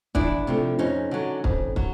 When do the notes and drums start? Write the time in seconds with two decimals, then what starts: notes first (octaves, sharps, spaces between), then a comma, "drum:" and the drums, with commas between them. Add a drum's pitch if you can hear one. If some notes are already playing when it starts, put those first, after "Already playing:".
0.15 E2 D4 E4, drum: kick
0.47 C3 F3 A3
0.79 F2 C#4 D#4
1.11 D3 F#3
1.44 F2, drum: kick
1.76 F#3, drum: kick